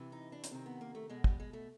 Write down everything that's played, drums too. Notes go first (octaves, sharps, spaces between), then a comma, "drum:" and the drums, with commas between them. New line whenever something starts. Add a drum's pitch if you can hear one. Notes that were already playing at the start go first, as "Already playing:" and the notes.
Already playing: C3 E3
D#4
D4
C#4, drum: hi-hat
C3 D#3 C4
B3
A#3
A3
B2 G#3
G3, drum: kick
G#3
A3